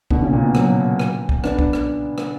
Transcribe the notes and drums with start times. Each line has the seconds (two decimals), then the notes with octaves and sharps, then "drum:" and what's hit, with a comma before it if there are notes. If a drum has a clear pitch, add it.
0.11 B2 D3, drum: kick B1
0.22 A#2 C#3
0.33 A#2
0.44 B2
0.55 F#3 A#3, drum: rim click
0.99 drum: rim click
1.29 drum: kick B1
1.44 B3 D4, drum: rim click
1.59 drum: kick B1
1.73 drum: rim click
2.18 drum: rim click